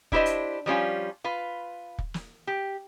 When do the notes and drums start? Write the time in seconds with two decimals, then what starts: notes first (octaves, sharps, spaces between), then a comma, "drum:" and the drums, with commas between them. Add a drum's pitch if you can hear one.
0.12 D4 E4 G4 A4 C5 D#5, drum: kick
0.26 drum: hi-hat
0.66 F3 G3 C#4 F4
1.24 F4 B4
1.98 drum: kick
2.14 drum: snare
2.47 G4